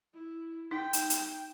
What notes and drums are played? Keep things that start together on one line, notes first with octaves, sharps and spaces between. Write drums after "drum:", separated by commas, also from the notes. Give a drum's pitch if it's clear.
E4
D#4 G5
drum: hi-hat
drum: hi-hat